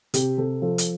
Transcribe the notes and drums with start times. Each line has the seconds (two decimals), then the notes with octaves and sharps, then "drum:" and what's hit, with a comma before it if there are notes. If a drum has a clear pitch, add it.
0.14 C3 G4, drum: hi-hat
0.38 C3 A4
0.62 F3 A4
0.78 drum: hi-hat